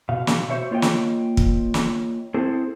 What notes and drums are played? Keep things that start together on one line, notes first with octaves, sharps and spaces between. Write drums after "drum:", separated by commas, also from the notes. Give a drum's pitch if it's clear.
B2 F5
drum: snare
F#4 C5 C#5 E5
A#3 F4 C#5 D#5 G5
drum: snare
drum: kick
drum: snare
C4 E4 G#4 A4 C5